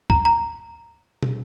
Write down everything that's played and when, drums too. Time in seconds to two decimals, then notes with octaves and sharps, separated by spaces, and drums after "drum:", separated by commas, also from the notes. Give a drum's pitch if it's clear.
0.10 A#5, drum: kick
0.25 A#5
1.23 drum: tom